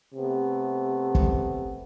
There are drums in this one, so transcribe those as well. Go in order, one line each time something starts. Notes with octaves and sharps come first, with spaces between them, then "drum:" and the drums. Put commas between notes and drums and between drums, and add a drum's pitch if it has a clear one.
C3 A3 B3
drum: kick